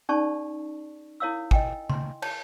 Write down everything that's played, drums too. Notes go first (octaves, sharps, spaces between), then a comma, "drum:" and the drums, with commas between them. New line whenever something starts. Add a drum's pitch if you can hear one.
C#4 D#4 G#4 D5 A5 C#6
E4 A#4 C#5 F5 D#6 E6
D#5 G5 G#5, drum: kick
C6, drum: tom C#3
C#5 A5, drum: cymbal